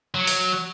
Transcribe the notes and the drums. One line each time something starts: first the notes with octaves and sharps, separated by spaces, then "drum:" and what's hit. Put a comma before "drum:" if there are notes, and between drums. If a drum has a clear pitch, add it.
F#3
drum: open hi-hat